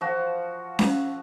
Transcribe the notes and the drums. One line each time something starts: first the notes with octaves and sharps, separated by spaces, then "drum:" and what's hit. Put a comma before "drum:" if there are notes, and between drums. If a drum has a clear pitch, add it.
F3 F#4
drum: snare C#4